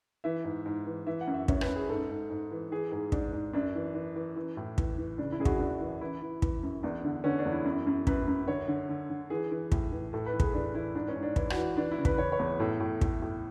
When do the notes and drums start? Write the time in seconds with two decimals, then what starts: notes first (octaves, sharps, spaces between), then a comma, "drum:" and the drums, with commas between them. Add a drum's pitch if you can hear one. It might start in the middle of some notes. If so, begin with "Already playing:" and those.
0.24 E3 E5
0.44 G#2
0.66 G#2
0.86 E3
1.07 E3 E5
1.21 F#5
1.27 F#2
1.34 E5
1.48 F#2 C#5, drum: kick
1.61 B4, drum: rim click
1.68 F#2
1.76 G#4
1.89 G#2 A4
2.09 G#2
2.30 G#2
2.52 E3
2.72 E3 G#4
2.91 G#2 G#4
3.12 G#2 D4, drum: kick
3.33 G#2
3.53 F#2 D4
3.75 E3
3.95 E3
4.16 E3
4.36 E3
4.57 A2
4.78 E3, drum: kick
4.98 E3
5.18 C#3 D4
5.32 E4
5.40 F#2 G#4
5.45 F#4, drum: kick
5.59 F#2 D4
5.81 E3
6.01 E3 E4
6.22 E3
6.42 E3, drum: kick
6.63 F#2
6.83 E2 D4
7.04 D3
7.24 D3 C#4
7.39 D4
7.45 E2
7.52 E4
7.65 F#2
7.87 F#2
8.07 F#2 B4, drum: kick
8.27 F#2
8.48 D3 C#5
8.68 D3
8.89 D3
9.10 D3
9.30 E3 G#4
9.51 E3
9.72 A2, drum: kick
9.92 E3
10.13 A2 A4
10.26 B4
10.33 E3
10.40 G#4, drum: kick
10.53 E3 D4
10.74 E3 E4
10.95 G#2 D4
11.08 C#4
11.16 G#2
11.23 D4
11.36 E3 E4, drum: kick
11.50 F#4, drum: rim click
11.56 E3
11.77 E3 D4
11.91 E4
11.98 C#3
12.05 B4, drum: kick
12.18 E3 C#5
12.32 C#5
12.39 E2
12.59 A2 A4
12.80 A2
13.01 A2, drum: kick
13.22 A2